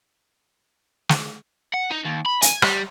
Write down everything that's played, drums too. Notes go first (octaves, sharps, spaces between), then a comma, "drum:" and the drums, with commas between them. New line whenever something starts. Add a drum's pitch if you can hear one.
drum: snare
F#5
D#4
D#2
B5
G#5, drum: hi-hat
G3, drum: rim click